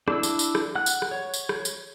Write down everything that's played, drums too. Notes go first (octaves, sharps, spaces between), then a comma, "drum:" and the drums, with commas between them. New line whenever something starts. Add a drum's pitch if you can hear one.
D4 E4 E6, drum: rim click
drum: tambourine
drum: tambourine
drum: rim click
F#5 F#6
drum: tambourine
drum: rim click
C#5
drum: tambourine
drum: rim click
drum: tambourine